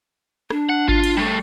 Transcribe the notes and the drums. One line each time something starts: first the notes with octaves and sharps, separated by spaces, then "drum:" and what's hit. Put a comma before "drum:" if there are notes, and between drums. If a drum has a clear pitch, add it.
D4, drum: rim click
F#5
F4, drum: kick G#1
drum: cymbal
G3 A3